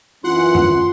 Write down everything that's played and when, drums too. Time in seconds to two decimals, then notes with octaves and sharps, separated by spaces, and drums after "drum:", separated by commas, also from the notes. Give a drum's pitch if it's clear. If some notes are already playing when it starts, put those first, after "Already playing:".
0.24 F#2 E3 C#4 F4 F#5 C6
0.55 drum: tom